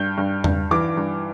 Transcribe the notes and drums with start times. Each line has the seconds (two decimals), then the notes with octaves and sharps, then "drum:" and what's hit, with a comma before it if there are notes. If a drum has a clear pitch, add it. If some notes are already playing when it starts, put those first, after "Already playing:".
Already playing: G2 G6
0.18 G2
0.44 G2, drum: tom E2
0.71 E3 D6
0.97 G2